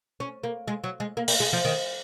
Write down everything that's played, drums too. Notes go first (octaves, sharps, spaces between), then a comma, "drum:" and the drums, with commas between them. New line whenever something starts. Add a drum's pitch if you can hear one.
C#4
A#3
G#3
F#3
G#3
A#3
A#3, drum: open hi-hat
G#3
F3
D#3